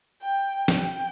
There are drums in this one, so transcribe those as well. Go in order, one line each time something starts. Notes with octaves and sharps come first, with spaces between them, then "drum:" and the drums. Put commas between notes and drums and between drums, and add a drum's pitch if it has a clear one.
G5
G5, drum: snare